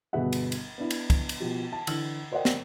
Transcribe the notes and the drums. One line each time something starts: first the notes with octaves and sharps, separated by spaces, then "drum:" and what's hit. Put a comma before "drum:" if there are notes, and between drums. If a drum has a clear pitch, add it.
G1 B2 B3 G#4 E5 F#5
drum: cymbal
drum: cymbal
B3 D4 E4
drum: cymbal
drum: kick, cymbal
drum: cymbal
B2 F3 G4
A5
D3 E3 E6 F#7, drum: cymbal
A#4 C5 D5 D#5 F#5 G5
drum: snare